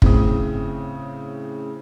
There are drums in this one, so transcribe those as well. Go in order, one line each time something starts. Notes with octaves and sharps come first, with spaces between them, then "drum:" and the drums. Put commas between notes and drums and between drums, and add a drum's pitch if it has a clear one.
A2 C#3 C4 D#6, drum: kick